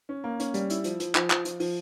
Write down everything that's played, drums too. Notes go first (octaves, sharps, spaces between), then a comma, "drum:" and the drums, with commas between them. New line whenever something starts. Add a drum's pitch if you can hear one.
C#4
A#3
C#4, drum: hi-hat
G3, drum: hi-hat
E4, drum: hi-hat
F3, drum: hi-hat
F3, drum: hi-hat
F3, drum: clap
F3, drum: clap
F3, drum: hi-hat
F3, drum: open hi-hat